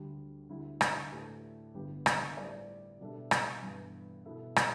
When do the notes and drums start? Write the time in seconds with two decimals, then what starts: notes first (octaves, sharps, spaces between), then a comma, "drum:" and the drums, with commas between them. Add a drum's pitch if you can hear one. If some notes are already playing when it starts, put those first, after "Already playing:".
Already playing: D2 D3 G3 D4
0.49 D2 D3 G3 E4
0.81 drum: rim click
1.12 A2 A3 D4 G4 B4
1.75 G1 G2 D3 B3 G4
2.06 drum: rim click
2.37 A2 G3 E4 B4 D5
3.00 B2 G3 D4 A4 E5
3.31 drum: rim click
3.62 G2 E3 B3
4.25 B2 B3 E4 A4 E5
4.56 drum: rim click